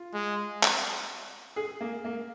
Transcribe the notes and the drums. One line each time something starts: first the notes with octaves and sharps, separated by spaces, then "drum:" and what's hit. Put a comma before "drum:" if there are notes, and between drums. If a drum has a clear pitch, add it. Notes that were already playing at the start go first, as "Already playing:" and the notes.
Already playing: F4
G#3
drum: clap
G#4
A#3
A#3